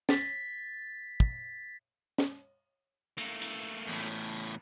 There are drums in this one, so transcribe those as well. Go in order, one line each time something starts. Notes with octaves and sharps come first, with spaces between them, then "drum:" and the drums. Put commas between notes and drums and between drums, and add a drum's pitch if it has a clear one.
A6 B6, drum: snare
drum: kick
drum: snare
A3 A#3, drum: cymbal
drum: cymbal
E2 A2